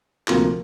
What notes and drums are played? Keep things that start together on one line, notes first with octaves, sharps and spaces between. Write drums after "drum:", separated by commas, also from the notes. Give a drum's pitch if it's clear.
D2 C3 F3 A#3 F4, drum: clap